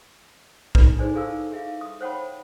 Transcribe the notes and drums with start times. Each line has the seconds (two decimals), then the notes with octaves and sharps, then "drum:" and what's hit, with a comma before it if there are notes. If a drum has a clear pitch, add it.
0.75 D4 D#4 F4 A4 B4 D5, drum: kick B1
0.99 D#4 G#4 C5 D5 G#5
1.15 E4 G#4 A4 F5 A#5 E6
1.52 G#4 E5 F5
1.81 D#6
2.01 C5 C#5 F#5 G5 A5 B5